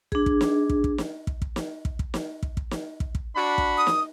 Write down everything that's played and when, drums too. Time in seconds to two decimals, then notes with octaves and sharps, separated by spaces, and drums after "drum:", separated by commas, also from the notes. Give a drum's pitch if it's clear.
0.12 D4 G#4, drum: kick
0.26 drum: kick
0.41 drum: snare
0.69 drum: kick
0.84 drum: kick
0.98 drum: snare
1.27 drum: kick
1.42 drum: kick
1.56 drum: snare
1.85 drum: kick
1.99 drum: kick
2.14 drum: snare
2.43 drum: kick
2.57 drum: kick
2.71 drum: snare
3.00 drum: kick
3.15 drum: kick
3.36 D4 F#4 B5
3.58 drum: kick
3.78 D#6
3.87 drum: snare